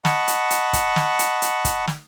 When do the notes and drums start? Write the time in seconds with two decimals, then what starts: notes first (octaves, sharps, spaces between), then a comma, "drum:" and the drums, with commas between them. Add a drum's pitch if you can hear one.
0.05 D#5 F#5 A5 B5 C#6, drum: snare
0.28 drum: hi-hat
0.50 drum: hi-hat
0.73 drum: kick, hi-hat
0.96 drum: snare
1.19 drum: hi-hat
1.42 drum: hi-hat
1.65 drum: kick, hi-hat
1.87 drum: snare